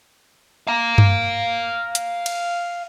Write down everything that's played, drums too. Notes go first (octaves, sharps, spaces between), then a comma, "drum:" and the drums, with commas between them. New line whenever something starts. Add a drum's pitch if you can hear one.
F5 A#5
drum: tom G2
drum: hi-hat
drum: cymbal